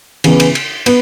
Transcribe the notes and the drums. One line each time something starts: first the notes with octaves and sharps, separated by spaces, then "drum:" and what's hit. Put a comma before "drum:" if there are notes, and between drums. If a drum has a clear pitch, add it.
C#3 E3 B3, drum: cymbal
drum: cymbal
drum: cymbal
B3, drum: cymbal